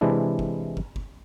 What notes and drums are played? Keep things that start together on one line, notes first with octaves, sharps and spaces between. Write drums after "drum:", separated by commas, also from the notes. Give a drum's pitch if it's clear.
C3 E3 G#3 D4 E4
drum: kick
drum: kick
drum: kick